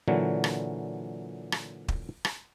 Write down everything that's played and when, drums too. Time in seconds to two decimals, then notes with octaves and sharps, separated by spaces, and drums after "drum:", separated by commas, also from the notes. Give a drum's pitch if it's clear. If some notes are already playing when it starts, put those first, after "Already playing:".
0.08 A#2 D3 E3 F#3
0.44 drum: rim click
1.52 drum: rim click
1.88 drum: kick
2.25 drum: rim click